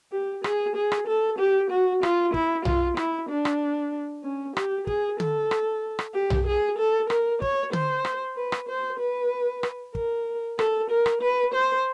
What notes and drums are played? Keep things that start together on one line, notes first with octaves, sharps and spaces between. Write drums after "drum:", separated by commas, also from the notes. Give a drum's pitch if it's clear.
G4
G#4, drum: rim click
G#4
drum: rim click
A4
G4
F#4
F4, drum: rim click
E4, drum: kick
F4, drum: tom B1
E4, drum: rim click
D4
drum: rim click
C#4
G4, drum: rim click
G#4, drum: kick
A4, drum: tom D3
drum: rim click
drum: rim click
G4
drum: tom B1
G#4
A4
A#4, drum: rim click
C#5, drum: kick
C5, drum: tom D3
drum: rim click
B4
drum: rim click
C5
B4
drum: rim click
A#4, drum: kick
A4, drum: rim click
A#4
drum: rim click
B4
C5